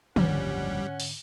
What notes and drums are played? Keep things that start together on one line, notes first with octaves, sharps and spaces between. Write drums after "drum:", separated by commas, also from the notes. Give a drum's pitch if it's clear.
F#1 D2 G#2 D3 F3 G3 C#4 F#5, drum: tom
drum: open hi-hat